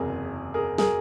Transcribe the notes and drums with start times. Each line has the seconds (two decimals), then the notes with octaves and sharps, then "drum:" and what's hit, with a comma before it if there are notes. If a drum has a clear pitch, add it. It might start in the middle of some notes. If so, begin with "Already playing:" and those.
Already playing: F#1 E2 C3 G#4 A#4
0.54 G#4 A#4
0.78 G#4 A#4, drum: snare